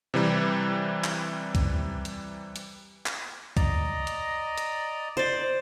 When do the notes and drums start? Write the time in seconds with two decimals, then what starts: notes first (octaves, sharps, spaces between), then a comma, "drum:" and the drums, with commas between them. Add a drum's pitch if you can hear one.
0.14 C3 E3 G3
1.04 drum: clap
1.55 drum: kick C#2, hi-hat
2.05 drum: hi-hat
2.56 drum: hi-hat
3.06 drum: clap
3.57 D5 D#5 A#5, drum: kick C#2, hi-hat
4.07 drum: hi-hat
4.58 drum: hi-hat
5.17 C5 D5